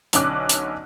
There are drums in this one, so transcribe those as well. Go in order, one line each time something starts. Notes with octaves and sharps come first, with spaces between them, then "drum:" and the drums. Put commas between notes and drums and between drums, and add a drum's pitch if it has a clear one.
B1 D3 C#4 D6 F#6, drum: hi-hat
drum: hi-hat